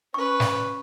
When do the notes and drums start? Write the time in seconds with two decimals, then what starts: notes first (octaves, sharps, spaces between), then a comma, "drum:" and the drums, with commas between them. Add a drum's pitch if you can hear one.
0.14 C#4 B4 C#6
0.40 drum: snare